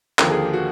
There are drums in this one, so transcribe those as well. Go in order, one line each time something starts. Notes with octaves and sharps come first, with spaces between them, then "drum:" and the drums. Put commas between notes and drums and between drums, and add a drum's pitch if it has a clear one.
D#2 D3 F3 A#4, drum: clap
G#4
G4
F#4